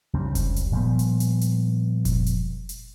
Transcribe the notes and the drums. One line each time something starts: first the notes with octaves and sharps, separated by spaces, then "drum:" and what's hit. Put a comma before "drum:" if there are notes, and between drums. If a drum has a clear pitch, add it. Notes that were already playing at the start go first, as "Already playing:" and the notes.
C#2 C#3 G3 C4
drum: kick F1, hi-hat
drum: hi-hat
A#2 F3 G3 B3
drum: hi-hat
drum: hi-hat
drum: hi-hat
drum: kick F1, hi-hat
drum: hi-hat
drum: hi-hat